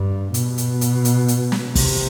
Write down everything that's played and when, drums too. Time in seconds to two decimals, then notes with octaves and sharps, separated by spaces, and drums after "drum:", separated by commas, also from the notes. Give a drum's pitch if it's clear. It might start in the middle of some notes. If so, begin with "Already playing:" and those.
Already playing: G2
0.34 B2, drum: hi-hat
0.58 drum: hi-hat
0.81 drum: hi-hat
1.05 drum: hi-hat
1.28 drum: hi-hat
1.52 drum: snare
1.75 C3, drum: kick, open hi-hat